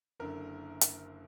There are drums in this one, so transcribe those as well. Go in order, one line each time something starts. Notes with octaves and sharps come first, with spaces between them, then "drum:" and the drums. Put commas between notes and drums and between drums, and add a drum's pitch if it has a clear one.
F#1 F#2 D3 A#4
drum: hi-hat